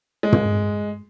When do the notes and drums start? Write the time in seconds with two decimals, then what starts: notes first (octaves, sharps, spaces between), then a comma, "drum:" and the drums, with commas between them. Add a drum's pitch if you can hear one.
0.23 G#3
0.33 drum: tom